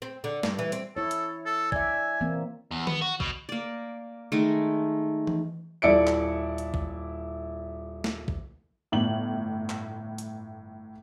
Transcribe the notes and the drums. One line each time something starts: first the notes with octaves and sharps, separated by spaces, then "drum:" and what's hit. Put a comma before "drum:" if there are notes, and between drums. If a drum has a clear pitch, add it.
C4
D3
G2, drum: snare
E3
C4, drum: hi-hat
E4 A4 C#5
drum: hi-hat
A4
D5 E5 G#5, drum: kick
E3 A#3 C4
E2
B3, drum: tom D#3
F#4
B2, drum: kick
A#3 D5
D#3 G#3 A3
drum: tom E3
D#1 E4 D5 C#7 D7
drum: clap
drum: hi-hat
drum: kick
drum: snare
drum: kick
G1 A2 F#7
drum: clap
drum: hi-hat